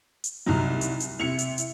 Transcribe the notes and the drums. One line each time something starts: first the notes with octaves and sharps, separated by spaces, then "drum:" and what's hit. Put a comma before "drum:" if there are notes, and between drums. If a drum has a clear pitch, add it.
drum: hi-hat
C2 F#3 D#4 E4 A#5
drum: hi-hat
drum: hi-hat
C3 E4 C#7 F7
drum: hi-hat
drum: hi-hat